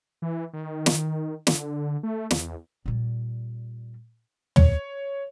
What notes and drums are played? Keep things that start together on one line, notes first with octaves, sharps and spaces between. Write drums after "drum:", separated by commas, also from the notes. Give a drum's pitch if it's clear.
E3
D#3
drum: snare
D3, drum: snare
A3
E2, drum: snare
A#2 G3
C#5, drum: tom